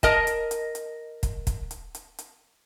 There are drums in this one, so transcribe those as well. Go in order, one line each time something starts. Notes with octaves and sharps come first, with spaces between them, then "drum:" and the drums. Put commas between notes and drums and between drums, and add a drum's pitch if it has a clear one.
A#4 D#5 A5, drum: kick, hi-hat
drum: hi-hat
drum: hi-hat
drum: hi-hat
drum: kick, hi-hat
drum: kick, hi-hat
drum: hi-hat
drum: hi-hat
drum: hi-hat